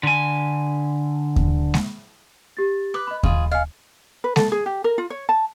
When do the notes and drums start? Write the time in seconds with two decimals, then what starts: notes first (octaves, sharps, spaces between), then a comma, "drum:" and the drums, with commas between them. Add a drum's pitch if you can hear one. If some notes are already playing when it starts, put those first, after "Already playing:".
0.03 D3 G#5
1.36 drum: kick D#2
1.74 drum: snare G#3
2.57 G4 A6
2.94 B4 D6 D#6
3.07 D#5 B5
3.23 F4 G#4, drum: kick D#2
3.51 D#5 F5 G#5
4.24 B4
4.36 A4, drum: snare G#3
4.52 G#4
4.66 G4
4.84 A#4
4.98 F4
5.10 C#5
5.29 A5